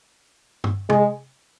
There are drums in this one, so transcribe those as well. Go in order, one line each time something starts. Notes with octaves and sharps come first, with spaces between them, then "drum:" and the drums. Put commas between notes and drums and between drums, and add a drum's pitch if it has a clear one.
drum: tom G2
G#3, drum: tom